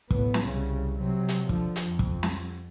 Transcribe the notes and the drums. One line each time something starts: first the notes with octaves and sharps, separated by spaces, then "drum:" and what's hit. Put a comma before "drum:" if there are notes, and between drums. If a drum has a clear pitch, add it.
A2 B3, drum: kick
drum: snare
C2 C#3
C3 F#3
drum: hi-hat
D3 F3, drum: kick
drum: hi-hat
F2
drum: kick
drum: snare